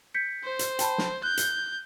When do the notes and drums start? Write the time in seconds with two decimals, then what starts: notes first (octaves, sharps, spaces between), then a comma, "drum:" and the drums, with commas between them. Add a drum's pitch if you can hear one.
0.14 G6 B6 C#7
0.44 C5
0.59 drum: hi-hat
0.79 G5 A5 B5, drum: hi-hat
0.98 drum: snare
1.23 F#6 G6
1.37 drum: hi-hat